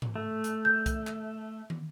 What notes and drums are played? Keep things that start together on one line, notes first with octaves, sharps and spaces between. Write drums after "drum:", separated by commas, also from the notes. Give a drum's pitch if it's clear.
drum: tom G#2
A3
drum: hi-hat
G6
drum: kick, hi-hat
drum: clap
drum: tom